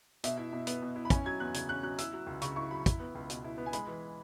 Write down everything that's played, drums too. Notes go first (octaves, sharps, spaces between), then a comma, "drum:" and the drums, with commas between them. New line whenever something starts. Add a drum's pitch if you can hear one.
B2 E5, drum: hi-hat
E4
B2
B3, drum: hi-hat
B2
E4
B5
C#4 G#5, drum: kick, hi-hat
F#3 G#6
E2 F#6
C#3 G#6, drum: hi-hat
C#4 F#6
F#3 F#6
E4 E6, drum: hi-hat
F#3
C#2
C#3 C#6, drum: hi-hat
E4 C#6
F#3 B5
E4, drum: kick, hi-hat
B3
C#2
B2, drum: hi-hat
E4
B3
G#5
G#3 B5, drum: hi-hat
E3